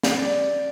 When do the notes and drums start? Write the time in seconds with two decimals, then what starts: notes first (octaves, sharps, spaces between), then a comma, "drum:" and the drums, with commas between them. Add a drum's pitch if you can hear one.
0.03 D5, drum: snare